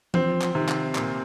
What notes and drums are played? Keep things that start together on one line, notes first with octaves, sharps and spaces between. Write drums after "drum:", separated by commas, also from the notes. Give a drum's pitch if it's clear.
F3 C4, drum: tom E3
drum: clap
C3 D#3
drum: clap
A#2, drum: clap